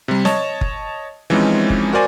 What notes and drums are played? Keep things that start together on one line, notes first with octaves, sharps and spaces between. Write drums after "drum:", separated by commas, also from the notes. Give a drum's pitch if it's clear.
C3 G3
C#5 D#5 A5, drum: snare
drum: kick F#1
E3 F3 G#3 C4 C#4 D#4
drum: kick F#1
F#4 A#4 C5 D5 G#5